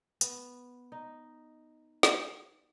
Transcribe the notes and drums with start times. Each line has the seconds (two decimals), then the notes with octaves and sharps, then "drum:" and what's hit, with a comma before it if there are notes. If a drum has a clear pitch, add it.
0.21 B3, drum: hi-hat
0.92 D#4
2.03 drum: snare